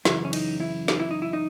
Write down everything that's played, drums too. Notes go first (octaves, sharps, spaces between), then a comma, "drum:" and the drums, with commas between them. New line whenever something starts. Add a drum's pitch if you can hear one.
F#2 C#3 E3 E4, drum: snare
C#4
D#4, drum: cymbal
E4
D#4, drum: snare
E4
D#4
E4
D#4